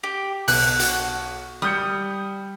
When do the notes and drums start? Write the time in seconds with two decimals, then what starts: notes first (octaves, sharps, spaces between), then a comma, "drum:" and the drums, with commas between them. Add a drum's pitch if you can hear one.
0.03 G4
0.48 B1 F#6, drum: open hi-hat
0.79 F#4, drum: hi-hat
1.62 G3 D#6 G6 C#7